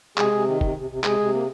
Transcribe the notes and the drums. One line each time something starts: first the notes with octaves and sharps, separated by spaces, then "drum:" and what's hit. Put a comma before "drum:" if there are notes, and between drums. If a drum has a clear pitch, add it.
C3 G#3 G#4, drum: clap
C3
D#3
C3, drum: kick
C3
C3
C3 G#3 G#4, drum: clap
C3
A#3